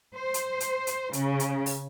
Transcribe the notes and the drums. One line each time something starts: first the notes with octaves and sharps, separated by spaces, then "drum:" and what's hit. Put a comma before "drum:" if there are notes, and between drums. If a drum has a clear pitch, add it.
C5
drum: hi-hat
drum: hi-hat
drum: hi-hat
C#3, drum: hi-hat
drum: hi-hat
drum: open hi-hat